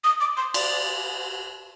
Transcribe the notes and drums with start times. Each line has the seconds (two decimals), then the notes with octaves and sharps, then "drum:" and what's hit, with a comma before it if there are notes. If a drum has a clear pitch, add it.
0.04 D#6
0.20 D6
0.37 C6
0.54 D5, drum: cymbal